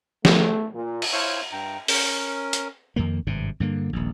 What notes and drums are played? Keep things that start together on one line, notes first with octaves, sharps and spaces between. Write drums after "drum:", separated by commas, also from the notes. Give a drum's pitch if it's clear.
A3, drum: snare
A#2
drum: cymbal
E4 C5 C#5 F5 C#6 E6
G2 G5 A#5
C#4 A#4, drum: open hi-hat
drum: hi-hat
F2 D#3 A#3
G#1 G2 C3
G2 D3 A#3
D#1 A#1